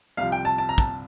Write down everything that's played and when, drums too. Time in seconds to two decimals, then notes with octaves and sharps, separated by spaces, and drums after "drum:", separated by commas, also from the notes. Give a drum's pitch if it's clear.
0.17 C2 C3 F3 F5
0.32 G5
0.45 A5
0.58 A5
0.69 A#5
0.78 A5, drum: kick